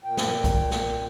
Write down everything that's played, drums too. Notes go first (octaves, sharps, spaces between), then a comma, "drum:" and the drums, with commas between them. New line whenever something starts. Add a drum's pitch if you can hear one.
A#2 G5
drum: snare
drum: kick B1, hi-hat
drum: snare